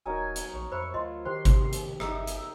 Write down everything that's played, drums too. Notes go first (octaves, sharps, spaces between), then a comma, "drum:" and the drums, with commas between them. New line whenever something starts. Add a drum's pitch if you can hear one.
D#1 F#3 D#4 A#4 G#5
drum: hi-hat
A#1 C#5
F2 C5 E5 B5 C#6
D2 F4 D#5 C6
D#3 G4 C5 C6
drum: kick G#1, hi-hat
drum: hi-hat
G1 D#4 E5, drum: rim click
drum: hi-hat